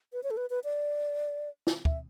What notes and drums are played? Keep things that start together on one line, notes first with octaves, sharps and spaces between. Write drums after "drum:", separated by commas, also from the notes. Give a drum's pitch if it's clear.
B4
C#5
A4
B4
B4
D5
drum: snare
E5, drum: kick